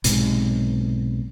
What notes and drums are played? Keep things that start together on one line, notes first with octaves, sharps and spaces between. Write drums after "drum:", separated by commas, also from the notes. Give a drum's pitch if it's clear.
B1 G#2 C3, drum: hi-hat